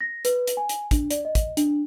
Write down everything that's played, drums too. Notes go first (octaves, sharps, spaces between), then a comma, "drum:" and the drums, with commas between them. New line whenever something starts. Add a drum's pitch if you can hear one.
A#6
B4, drum: hi-hat
drum: hi-hat
G#5
drum: hi-hat
D4, drum: kick, hi-hat
D5, drum: hi-hat
D#5
drum: kick, hi-hat
D4, drum: hi-hat